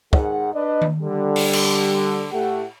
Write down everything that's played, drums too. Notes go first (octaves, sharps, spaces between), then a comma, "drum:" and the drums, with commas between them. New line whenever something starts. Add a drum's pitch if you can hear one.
G#2 D#3 G#4 F#5, drum: kick
D4 B4 D5 D#5
drum: tom D#3
D3 G3
drum: open hi-hat
drum: cymbal
A2 A3 G4 F#5